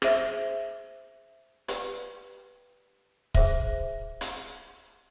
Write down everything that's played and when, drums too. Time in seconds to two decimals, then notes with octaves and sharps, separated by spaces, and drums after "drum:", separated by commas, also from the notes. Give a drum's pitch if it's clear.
0.02 G#4 C5 E5, drum: rim click
1.68 G4 B4 D5 G5, drum: hi-hat
3.35 G#4 C5 E5, drum: kick C#1
4.21 drum: hi-hat